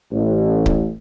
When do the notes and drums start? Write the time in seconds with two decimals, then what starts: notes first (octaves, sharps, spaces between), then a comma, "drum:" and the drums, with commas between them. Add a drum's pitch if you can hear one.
0.12 A1
0.66 drum: kick C#1